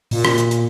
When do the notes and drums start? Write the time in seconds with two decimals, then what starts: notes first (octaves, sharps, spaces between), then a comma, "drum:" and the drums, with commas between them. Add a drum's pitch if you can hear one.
0.11 A#2, drum: open hi-hat
0.25 drum: rim click
0.38 drum: hi-hat
0.51 drum: hi-hat